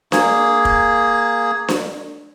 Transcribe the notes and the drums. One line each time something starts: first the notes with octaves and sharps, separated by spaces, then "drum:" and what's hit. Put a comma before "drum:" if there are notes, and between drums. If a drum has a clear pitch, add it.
A#3 G#4, drum: snare D4
drum: kick
drum: snare D4